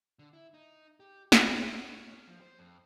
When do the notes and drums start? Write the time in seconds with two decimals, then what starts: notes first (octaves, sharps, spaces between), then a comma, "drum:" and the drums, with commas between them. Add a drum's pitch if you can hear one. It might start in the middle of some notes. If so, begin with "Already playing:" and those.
0.19 D3
0.33 E4
0.54 D#4
1.00 G4
1.32 E2, drum: snare
1.53 A2
1.68 C#4
2.13 C#4
2.27 F3
2.41 C5
2.59 F2